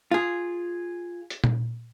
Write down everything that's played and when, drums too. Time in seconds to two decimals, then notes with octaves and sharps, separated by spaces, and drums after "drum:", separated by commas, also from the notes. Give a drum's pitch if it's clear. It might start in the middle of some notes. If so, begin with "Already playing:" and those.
0.11 F4 G#4
1.30 drum: hi-hat
1.44 drum: tom A#2